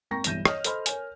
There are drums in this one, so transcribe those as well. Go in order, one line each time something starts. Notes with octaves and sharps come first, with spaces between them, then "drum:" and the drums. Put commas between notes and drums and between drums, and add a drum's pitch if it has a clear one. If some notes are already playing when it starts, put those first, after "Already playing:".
G#1 A#3 G5 A#5 C#6 A#6
B1 G2 E3 G6 D#7 E7, drum: hi-hat
C#5 D#5 D#6 F6, drum: rim click
A4 C5 D#5 B5 C6 F6, drum: hi-hat
A#4 C#5 G#5, drum: hi-hat